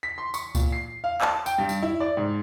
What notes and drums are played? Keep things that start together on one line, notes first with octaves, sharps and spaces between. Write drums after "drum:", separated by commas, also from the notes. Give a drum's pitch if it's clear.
B6
C6
C#6, drum: tambourine
A#2, drum: kick C#2, tambourine
C7
F5
A5, drum: clap
G5, drum: tambourine
G2
drum: tambourine
E4
D5
G#2